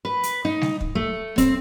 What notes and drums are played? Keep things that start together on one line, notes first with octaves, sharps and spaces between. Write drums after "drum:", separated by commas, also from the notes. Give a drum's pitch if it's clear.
B4
drum: hi-hat
D#4
drum: snare G3
drum: kick
A3
C4, drum: kick, hi-hat